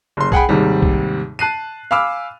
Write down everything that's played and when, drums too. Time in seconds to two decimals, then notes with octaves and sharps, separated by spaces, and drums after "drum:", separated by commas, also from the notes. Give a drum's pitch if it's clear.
0.17 F#1 C6
0.32 G#4 F#5 G5 B5, drum: kick B1
0.49 D#2 G#2 C3 G3
0.82 drum: kick B1
1.39 A5 F#6 C7 D#7
1.91 F5 G#5 B5 D6 E6 F6